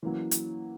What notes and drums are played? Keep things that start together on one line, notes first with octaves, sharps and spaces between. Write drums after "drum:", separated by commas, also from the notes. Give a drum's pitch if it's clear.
E3 F#3 A#3 C#4
drum: hi-hat